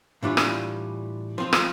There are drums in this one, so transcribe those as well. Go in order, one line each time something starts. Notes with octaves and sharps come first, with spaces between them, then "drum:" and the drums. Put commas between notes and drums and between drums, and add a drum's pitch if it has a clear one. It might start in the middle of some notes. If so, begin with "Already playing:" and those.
A2 E3 G3 D4 F4
drum: rim click
F3 C4 F4
drum: rim click